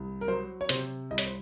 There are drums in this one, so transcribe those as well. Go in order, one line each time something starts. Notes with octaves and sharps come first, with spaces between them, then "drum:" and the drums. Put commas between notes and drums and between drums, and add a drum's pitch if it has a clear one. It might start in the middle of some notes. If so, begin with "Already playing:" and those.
Already playing: C2
A#4
F#3 C5
C#5
C3 C5, drum: hi-hat
C2 D#5
C#5, drum: hi-hat
C5